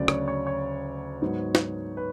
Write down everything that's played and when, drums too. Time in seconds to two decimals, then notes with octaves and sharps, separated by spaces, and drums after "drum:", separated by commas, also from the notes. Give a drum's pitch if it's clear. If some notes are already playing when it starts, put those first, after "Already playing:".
Already playing: D2 C#3 F#3 D5
0.08 C#5, drum: rim click
0.28 C#5
0.47 C#5
1.22 G#2 F#3 B3
1.55 drum: snare
1.97 B4